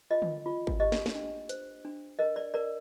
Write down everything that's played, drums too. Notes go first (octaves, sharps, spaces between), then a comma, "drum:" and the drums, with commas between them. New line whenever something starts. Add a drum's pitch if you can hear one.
F4 D#5
drum: tom D3
F4
drum: kick G#1
G4 D#5
drum: snare
drum: snare
D4
C5, drum: hi-hat
D4
A#4 D#5
D5
A#4 D5